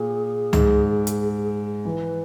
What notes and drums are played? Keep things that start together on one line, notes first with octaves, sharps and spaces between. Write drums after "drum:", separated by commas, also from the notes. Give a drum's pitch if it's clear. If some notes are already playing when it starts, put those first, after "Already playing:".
Already playing: A#2 G#4
G#2, drum: tom C#2
drum: hi-hat
E3 B4